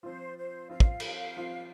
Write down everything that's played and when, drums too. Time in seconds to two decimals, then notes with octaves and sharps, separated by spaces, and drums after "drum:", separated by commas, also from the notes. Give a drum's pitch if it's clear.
0.03 F3 C4 F4 C5
0.37 C5
0.70 F3 C4 F4 F5
0.80 drum: kick
1.00 drum: cymbal
1.36 F3 C4 F4